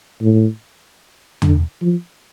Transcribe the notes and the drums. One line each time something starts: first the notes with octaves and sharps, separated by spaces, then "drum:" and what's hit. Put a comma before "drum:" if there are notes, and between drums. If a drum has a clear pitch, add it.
A2
D3, drum: tom E2
F3